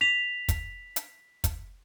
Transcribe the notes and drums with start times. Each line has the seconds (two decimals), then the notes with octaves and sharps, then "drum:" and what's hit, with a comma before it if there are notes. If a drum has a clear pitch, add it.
0.01 B6 F7
0.49 drum: kick, hi-hat
0.96 drum: hi-hat
1.44 drum: kick, hi-hat